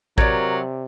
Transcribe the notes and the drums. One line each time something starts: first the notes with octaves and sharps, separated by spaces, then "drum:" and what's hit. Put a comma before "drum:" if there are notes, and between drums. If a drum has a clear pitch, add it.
C3 F#3 A#4 C#5 D5, drum: kick A1